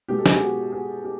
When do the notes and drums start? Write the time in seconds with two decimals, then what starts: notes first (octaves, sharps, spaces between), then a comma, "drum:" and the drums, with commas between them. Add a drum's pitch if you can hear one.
0.08 B2 G#3 B3 G4
0.19 A4
0.26 G#4, drum: snare
0.33 G4
0.40 F#4
0.72 F#4 G#4
1.05 G4